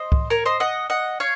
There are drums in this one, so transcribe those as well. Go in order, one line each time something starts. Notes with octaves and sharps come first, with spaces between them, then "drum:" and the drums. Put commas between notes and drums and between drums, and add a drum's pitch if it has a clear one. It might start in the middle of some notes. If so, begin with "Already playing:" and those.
Already playing: C5 D#5
drum: kick C2
A#4 C#5
C5 D#5
D#5 F#5
D#5 F#5
C#5 F5